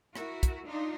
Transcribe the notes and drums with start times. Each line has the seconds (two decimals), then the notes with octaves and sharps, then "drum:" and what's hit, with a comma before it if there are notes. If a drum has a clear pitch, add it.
0.16 E4 F#4 A#4, drum: rim click
0.43 drum: kick, hi-hat
0.66 D4 D#4 F4